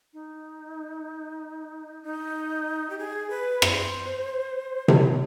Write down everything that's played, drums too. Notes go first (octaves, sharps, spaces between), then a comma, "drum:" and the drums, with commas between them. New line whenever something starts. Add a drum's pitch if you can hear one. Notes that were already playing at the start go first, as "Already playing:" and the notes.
D#4
D#4
G4
G#4
B4
C5, drum: rim click
C#5, drum: tom C3